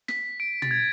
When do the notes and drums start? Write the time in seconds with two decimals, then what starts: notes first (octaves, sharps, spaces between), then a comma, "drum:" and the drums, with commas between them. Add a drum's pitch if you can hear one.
0.08 B6, drum: snare
0.40 D7
0.62 A6, drum: tom
0.71 G#6